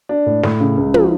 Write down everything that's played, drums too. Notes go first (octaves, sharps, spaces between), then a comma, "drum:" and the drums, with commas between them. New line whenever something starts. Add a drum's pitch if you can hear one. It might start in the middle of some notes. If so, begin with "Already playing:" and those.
D4
A2
A2, drum: snare
C#3
C#2
F3, drum: tom